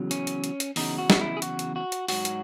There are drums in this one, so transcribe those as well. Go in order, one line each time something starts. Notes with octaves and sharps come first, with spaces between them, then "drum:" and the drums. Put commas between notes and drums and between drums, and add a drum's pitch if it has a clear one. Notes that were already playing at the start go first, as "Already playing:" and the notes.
Already playing: E2 C#3 F#3
C#4, drum: hi-hat
drum: hi-hat
drum: hi-hat
drum: hi-hat
E2 C#3 F#3 D#4, drum: open hi-hat
F#4
drum: snare
E4
G#4
F#4, drum: hi-hat
drum: hi-hat
F#4
drum: hi-hat
G#2 F#3 F#4, drum: open hi-hat
drum: hi-hat